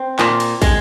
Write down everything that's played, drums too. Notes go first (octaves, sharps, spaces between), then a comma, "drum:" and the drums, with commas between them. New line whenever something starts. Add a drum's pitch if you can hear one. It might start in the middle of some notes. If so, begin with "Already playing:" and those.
Already playing: C4
A#2, drum: clap
drum: cymbal
G#3, drum: kick, cymbal